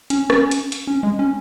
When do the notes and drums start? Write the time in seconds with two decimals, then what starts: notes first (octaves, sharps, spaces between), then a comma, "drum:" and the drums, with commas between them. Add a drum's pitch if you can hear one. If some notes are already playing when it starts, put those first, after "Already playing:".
0.10 C#4, drum: hi-hat
0.30 C#4, drum: rim click
0.51 drum: hi-hat
0.72 drum: hi-hat
0.87 C#4
1.03 G#3
1.19 C#4